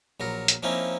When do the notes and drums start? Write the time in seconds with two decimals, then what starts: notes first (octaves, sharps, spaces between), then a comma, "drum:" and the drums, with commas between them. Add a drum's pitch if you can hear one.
0.20 A#1 F#3 A#4
0.48 drum: hi-hat
0.63 F3 A#3 C4 C#4 D#4 E4